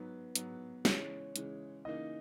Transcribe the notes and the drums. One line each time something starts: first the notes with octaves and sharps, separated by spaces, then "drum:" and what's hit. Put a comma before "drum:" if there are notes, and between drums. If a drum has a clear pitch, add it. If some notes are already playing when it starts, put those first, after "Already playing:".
Already playing: G#2 F#3 B3 B4
G#2 F#3 B3, drum: hi-hat
C#3 E3 G#3 C#5, drum: snare
C#3 E3 G#3, drum: hi-hat
C#3 E3 A#3 D#4 D#5